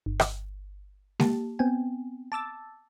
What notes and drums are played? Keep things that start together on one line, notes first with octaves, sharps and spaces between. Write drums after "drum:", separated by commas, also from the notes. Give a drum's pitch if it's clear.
G1
drum: rim click
A#3 G4 A5, drum: snare G#3
B3 C4 G5 G#5
A5 D6 E6 A6